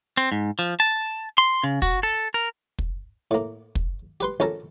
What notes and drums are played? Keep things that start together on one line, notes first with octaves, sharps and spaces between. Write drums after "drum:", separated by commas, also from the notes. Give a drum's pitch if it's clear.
C4
G#2
F3
A5
C6
C#3
F#4, drum: kick
A4
A#4
drum: kick
A2 A#3
drum: kick
G4 B4 C6
A#1 C#4 A4 A#4 A5